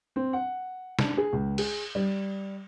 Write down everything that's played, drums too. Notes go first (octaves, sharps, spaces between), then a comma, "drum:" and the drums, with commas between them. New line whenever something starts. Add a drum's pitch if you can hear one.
C4
F#5
D4, drum: snare
G#4
C#2
G#4, drum: cymbal
G3